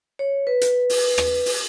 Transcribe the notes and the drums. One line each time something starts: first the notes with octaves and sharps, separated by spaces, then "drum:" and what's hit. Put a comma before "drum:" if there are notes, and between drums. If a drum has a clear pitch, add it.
C#5
B4
drum: hi-hat
drum: open hi-hat
drum: rim click
drum: open hi-hat